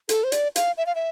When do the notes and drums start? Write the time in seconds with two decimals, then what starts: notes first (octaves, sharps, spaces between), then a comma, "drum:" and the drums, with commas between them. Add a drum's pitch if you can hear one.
0.09 A4, drum: hi-hat
0.24 C5
0.32 D5, drum: hi-hat
0.56 F5, drum: hi-hat
0.77 E5
0.86 F5
0.95 E5